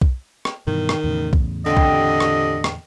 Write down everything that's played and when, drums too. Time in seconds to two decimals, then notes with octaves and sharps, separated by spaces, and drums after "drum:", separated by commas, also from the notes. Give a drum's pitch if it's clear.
0.01 drum: kick B1
0.45 drum: rim click
0.67 G2 B2 D#3 E3
0.89 drum: rim click
1.04 E2 A2 C#3
1.33 drum: kick B1
1.66 D3 C4 F4 G4 D#5
1.77 drum: kick B1
2.20 drum: rim click
2.64 drum: rim click